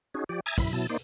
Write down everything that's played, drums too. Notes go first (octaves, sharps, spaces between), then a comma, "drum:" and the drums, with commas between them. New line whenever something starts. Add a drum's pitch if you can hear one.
C#4 D#4 F#4 G#4
F3 G4 D5
E5 G#5 A#5 D#6 G#6 A6
F#2 E4 B5, drum: kick, open hi-hat
B2 F#3 E4 A5
A#3 D#4 C5 D5